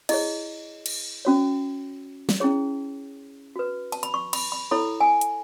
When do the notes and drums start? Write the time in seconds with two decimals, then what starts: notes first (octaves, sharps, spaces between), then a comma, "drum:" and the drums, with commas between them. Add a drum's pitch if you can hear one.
0.09 E4 G#4 C#5 D#5, drum: cymbal
0.86 drum: cymbal
1.25 C#4 F#4 C#5
2.29 drum: snare
2.40 C#4 E4 G#4 C#5
3.56 F#4 B4
3.92 A5, drum: cymbal
4.03 B5, drum: hi-hat
4.14 C#6
4.33 B5, drum: cymbal
4.52 B5
4.71 E4 A4 C#5 B5
5.01 G#5
5.21 drum: hi-hat